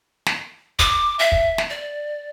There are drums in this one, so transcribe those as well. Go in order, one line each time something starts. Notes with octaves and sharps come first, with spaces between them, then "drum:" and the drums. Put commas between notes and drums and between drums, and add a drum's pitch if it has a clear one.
drum: snare
D6, drum: kick
E5
drum: kick
drum: snare
D5